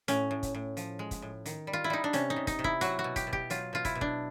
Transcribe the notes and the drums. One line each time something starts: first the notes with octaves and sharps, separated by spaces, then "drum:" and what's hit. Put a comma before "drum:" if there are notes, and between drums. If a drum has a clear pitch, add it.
A2 C#4, drum: hi-hat
A2
drum: kick, hi-hat
A2
F3, drum: hi-hat
G#3
drum: kick, hi-hat
A2
D#3, drum: hi-hat
G3
F4
E4
G3 D#4
D4
C3 C#4, drum: hi-hat
D#4
C3
D#4, drum: kick, hi-hat
C3
E4, drum: kick
F#3 F#4, drum: hi-hat
F#4
B2
G4, drum: kick, hi-hat
B2
G4, drum: kick
F#3 F4, drum: hi-hat
B2 F4
E4, drum: kick, hi-hat
B2
D4, drum: kick